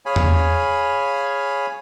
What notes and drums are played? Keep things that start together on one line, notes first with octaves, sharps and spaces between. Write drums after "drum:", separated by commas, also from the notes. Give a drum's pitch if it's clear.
G#4 C#5 F5 G#5 B5
drum: tom E2